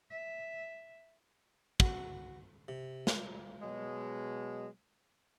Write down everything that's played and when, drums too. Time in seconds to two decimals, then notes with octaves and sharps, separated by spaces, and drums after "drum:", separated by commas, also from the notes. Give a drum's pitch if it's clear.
0.11 E5
1.80 F#4, drum: kick
2.68 C3
3.07 drum: snare
3.62 B2 F#3 G#3